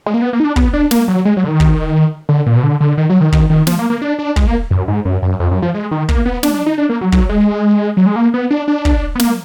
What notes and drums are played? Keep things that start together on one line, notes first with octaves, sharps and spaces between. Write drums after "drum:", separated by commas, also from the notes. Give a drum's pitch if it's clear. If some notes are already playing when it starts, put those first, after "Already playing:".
G#3
A#3
B3
A#3
D#4
D4
B3, drum: kick
D4
A#3, drum: snare
F#3
G#3
F#3
D3
D#3
drum: kick
D3
A#2
B2
D3
D3
D#3
F#3
D#3
D#3, drum: kick
D#3
F3, drum: snare
A#3
A#3
D4
D4
G#3, drum: kick
A#3
F#2
G#2
F#2
F#2
F2
F#2
F3
G#3
D#3
A#3, drum: kick
B3
D4, drum: snare
D4
D#4
D4
A#3
F#3
F#3, drum: kick
G#3
F#3
G#3
A#3
B3
D4
D4
drum: kick
B3
A#3, drum: snare